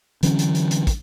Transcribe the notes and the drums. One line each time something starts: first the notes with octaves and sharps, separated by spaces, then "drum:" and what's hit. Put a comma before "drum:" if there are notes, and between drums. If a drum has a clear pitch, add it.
D3 E3 F#3 C#4, drum: hi-hat
drum: hi-hat
drum: hi-hat
drum: hi-hat
drum: kick, hi-hat